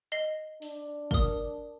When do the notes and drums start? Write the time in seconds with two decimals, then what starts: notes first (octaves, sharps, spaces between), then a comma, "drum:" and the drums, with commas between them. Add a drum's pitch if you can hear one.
0.12 D#5 C7 G7
0.62 D4, drum: open hi-hat
1.11 A#4 D#6, drum: kick